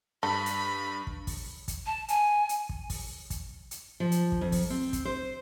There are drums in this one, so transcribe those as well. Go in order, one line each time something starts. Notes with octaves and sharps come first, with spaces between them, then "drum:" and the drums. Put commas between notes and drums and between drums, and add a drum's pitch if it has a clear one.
G2 A4 B5
drum: hi-hat
drum: kick
drum: kick, open hi-hat
drum: kick, hi-hat
A5
G#5, drum: hi-hat
drum: hi-hat
drum: kick
drum: kick, open hi-hat
drum: kick, hi-hat
drum: hi-hat
F3
drum: hi-hat
drum: kick
F2
drum: kick, open hi-hat
C4
drum: kick, hi-hat
C5